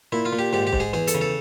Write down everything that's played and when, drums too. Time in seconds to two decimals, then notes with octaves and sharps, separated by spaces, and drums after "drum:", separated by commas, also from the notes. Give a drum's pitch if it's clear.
0.12 A#2 E4
0.25 F4
0.33 A#2
0.39 G4
0.53 G#2 G4
0.67 G4
0.73 G#2, drum: kick
0.80 G#4
0.93 E2 G#4
1.07 A4, drum: hi-hat
1.14 C#3
1.21 A4